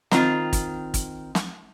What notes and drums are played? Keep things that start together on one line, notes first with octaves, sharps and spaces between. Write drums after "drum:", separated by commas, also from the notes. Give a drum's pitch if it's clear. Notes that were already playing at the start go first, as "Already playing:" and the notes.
D#3 C4 F4, drum: snare
drum: kick, hi-hat
drum: kick, hi-hat
drum: snare